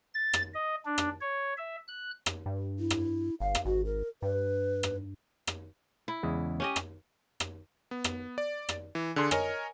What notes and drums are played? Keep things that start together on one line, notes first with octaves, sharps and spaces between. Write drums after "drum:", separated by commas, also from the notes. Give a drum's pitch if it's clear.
A6
drum: rim click
D#5
D4
drum: rim click
C#5
E5
F#6
drum: rim click
G2
E4
drum: rim click
G1 F5
drum: rim click
G#1 F#4
A#4
G2 B4
drum: rim click
drum: rim click
E4
E2 C#3 G#3
C#4 G4 D#5
drum: rim click
drum: rim click
B3
drum: rim click
D5
drum: rim click
E3
D3 D4 G#4 C6
A#4 C#5 D#5 G#5, drum: rim click